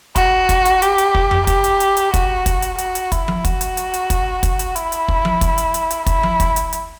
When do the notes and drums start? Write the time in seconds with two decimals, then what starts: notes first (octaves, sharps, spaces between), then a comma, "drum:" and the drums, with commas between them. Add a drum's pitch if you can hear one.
0.16 F#4, drum: kick, hi-hat
0.49 drum: kick, hi-hat
0.65 drum: hi-hat
0.82 G4, drum: hi-hat
0.98 drum: hi-hat
1.15 drum: kick
1.31 drum: tom F2
1.47 G4, drum: kick, hi-hat
1.64 drum: hi-hat
1.80 drum: hi-hat
1.97 drum: hi-hat
2.14 F#4, drum: kick, hi-hat
2.46 drum: kick, hi-hat
2.62 drum: hi-hat
2.78 F#4, drum: hi-hat
2.95 drum: hi-hat
3.12 E4, drum: kick, hi-hat
3.28 drum: tom F3
3.45 F#4, drum: kick, hi-hat
3.61 drum: hi-hat
3.77 drum: hi-hat
3.94 drum: hi-hat
4.10 drum: kick, hi-hat
4.43 drum: kick, hi-hat
4.59 drum: hi-hat
4.76 E4, drum: hi-hat
4.92 drum: hi-hat
5.08 drum: kick
5.25 drum: tom F3
5.41 drum: kick, hi-hat
5.58 drum: hi-hat
5.74 drum: hi-hat
5.90 drum: hi-hat
6.06 E4, drum: kick, hi-hat
6.23 drum: tom F3
6.40 drum: kick, hi-hat
6.56 drum: hi-hat
6.73 drum: hi-hat